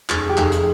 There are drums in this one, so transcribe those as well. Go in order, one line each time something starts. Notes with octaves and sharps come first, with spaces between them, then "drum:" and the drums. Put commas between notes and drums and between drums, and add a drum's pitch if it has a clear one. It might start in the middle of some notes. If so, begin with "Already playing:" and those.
F1 G#4, drum: clap
G4
F1 G#4, drum: clap
drum: hi-hat